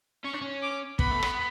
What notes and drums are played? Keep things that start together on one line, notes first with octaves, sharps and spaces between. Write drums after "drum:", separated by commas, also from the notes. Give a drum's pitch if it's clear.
C#4 C#6
D4
C#4
D6
B3 B5, drum: kick
A3
B3, drum: rim click